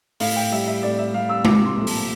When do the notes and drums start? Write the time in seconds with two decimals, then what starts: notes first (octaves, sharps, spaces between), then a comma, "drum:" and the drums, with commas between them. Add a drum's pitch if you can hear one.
0.20 A2 F5, drum: open hi-hat
0.36 G5
0.52 G3 E5
0.67 E5
0.83 A2 D5
0.98 E5
1.14 G3 F5
1.29 E6
1.45 C2 D6, drum: tom G#3
1.65 C6
1.76 A#2 F3 A3
1.87 A5, drum: open hi-hat